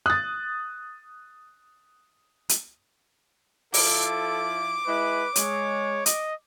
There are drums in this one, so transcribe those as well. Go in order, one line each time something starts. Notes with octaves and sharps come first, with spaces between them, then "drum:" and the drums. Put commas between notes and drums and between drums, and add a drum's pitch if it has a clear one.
D#6 F#6 A6
drum: hi-hat
F3 E4 F4 A4 D6, drum: open hi-hat
G#3 E4 B4
G#3 C#5, drum: hi-hat
D#5, drum: hi-hat